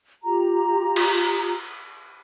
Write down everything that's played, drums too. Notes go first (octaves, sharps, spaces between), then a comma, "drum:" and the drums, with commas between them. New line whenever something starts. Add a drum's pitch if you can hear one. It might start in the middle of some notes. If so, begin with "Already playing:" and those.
F4 G4 A#5
drum: cymbal